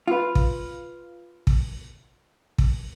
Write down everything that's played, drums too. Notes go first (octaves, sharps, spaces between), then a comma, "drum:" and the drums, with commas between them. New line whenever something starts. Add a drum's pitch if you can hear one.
F4 B4
drum: kick
drum: kick
drum: kick